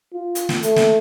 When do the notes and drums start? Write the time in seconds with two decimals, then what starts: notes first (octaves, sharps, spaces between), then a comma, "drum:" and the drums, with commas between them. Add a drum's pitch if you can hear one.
0.13 F4
0.35 drum: hi-hat
0.49 drum: snare
0.63 A3, drum: hi-hat
0.76 drum: snare